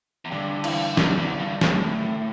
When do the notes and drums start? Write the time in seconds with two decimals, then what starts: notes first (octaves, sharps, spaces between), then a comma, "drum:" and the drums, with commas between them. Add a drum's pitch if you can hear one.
0.25 E2
0.31 G2 D3 D4
0.64 E3 E4, drum: cymbal
0.97 E2, drum: snare
1.18 E2
1.39 G2
1.61 A2, drum: snare